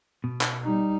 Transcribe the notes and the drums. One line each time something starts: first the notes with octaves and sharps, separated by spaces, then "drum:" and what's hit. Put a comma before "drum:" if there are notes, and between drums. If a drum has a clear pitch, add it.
B2
drum: clap
G3 D#4